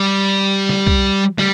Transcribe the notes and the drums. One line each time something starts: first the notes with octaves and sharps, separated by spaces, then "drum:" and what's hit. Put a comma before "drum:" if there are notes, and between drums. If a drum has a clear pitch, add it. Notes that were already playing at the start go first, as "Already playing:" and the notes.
Already playing: G3
drum: snare
drum: kick B1
G3, drum: snare